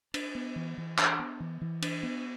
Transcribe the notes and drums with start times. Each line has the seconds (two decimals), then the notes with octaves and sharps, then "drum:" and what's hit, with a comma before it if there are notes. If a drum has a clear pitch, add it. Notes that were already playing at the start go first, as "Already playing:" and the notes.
0.14 D4, drum: cymbal
0.35 B3
0.56 E3
0.78 E3
0.98 D4, drum: clap
1.19 B3
1.40 E3
1.61 E3
1.82 D4, drum: cymbal
2.03 B3